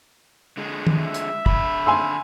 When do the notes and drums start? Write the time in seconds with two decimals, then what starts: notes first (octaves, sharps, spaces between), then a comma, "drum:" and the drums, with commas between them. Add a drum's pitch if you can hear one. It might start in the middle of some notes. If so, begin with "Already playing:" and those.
0.57 D3 G#3
0.87 drum: tom
0.97 E5
1.14 drum: hi-hat
1.46 D3 B5, drum: kick
1.86 G#5 C6 E6